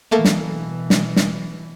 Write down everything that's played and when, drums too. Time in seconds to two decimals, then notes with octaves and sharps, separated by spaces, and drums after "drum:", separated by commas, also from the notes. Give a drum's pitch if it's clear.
0.11 B2 E3 A3 A#3 A4
0.25 drum: snare
0.90 drum: snare
1.16 drum: snare